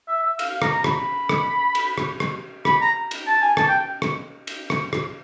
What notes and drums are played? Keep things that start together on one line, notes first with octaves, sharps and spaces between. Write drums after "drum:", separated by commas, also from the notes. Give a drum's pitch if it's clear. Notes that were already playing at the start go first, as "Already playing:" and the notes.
E5
E5
F5, drum: cymbal
F5
A#5, drum: rim click
A#5
B5, drum: rim click
drum: rim click
drum: cymbal
drum: rim click
drum: rim click
B5, drum: rim click
A#5
drum: cymbal
A5
G#5
A5, drum: rim click
G5
drum: rim click
drum: cymbal
drum: rim click
drum: rim click